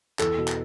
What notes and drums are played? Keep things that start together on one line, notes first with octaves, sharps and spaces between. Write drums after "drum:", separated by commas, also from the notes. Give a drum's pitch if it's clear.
E2 A4, drum: clap
B2
drum: clap